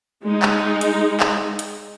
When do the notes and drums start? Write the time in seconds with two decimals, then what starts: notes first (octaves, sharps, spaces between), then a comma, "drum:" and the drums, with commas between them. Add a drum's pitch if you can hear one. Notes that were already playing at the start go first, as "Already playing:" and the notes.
0.23 G#3 D#4
0.42 drum: clap
0.81 drum: hi-hat
1.20 drum: clap
1.59 drum: hi-hat